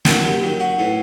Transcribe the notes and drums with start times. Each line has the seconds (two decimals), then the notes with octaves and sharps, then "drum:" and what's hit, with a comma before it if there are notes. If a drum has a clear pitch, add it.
0.05 F#2 D#3 F#3 E4, drum: snare
0.24 G4
0.42 F#2 D#3 F#3
0.60 F#4
0.79 A2 E3